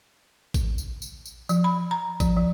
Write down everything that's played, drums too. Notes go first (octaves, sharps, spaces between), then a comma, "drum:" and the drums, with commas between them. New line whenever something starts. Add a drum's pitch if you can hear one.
drum: kick A1, tambourine
drum: tambourine
drum: tambourine
drum: tambourine
F3, drum: tambourine
B5
A#5
F3, drum: kick A1, tambourine
F3